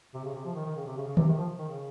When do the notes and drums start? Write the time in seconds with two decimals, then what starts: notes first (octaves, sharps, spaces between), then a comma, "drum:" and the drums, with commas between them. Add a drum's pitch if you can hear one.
0.14 C3
0.24 C#3
0.35 C3
0.45 F3
0.55 D#3
0.66 D#3
0.76 C#3
0.86 C3
0.96 C#3
1.07 C#3
1.17 C3, drum: tom D#3
1.28 D#3
1.37 F3
1.58 D#3
1.68 C#3